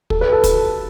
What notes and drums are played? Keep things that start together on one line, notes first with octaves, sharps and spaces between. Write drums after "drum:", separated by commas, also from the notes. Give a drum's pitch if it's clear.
A4, drum: kick
B4
A4
drum: kick, hi-hat